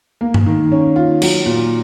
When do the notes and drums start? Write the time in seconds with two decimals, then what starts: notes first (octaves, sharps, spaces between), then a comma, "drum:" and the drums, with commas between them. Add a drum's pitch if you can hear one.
0.21 A#3
0.34 drum: tom G2
0.46 D#3
0.72 C#4
0.96 F4
1.22 F#3, drum: cymbal
1.46 A#2